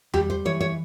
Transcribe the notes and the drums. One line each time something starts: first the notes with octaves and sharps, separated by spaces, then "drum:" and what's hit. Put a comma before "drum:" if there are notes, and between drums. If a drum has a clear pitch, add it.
G3 G4, drum: tom E2
C5
E3 C#5
C#5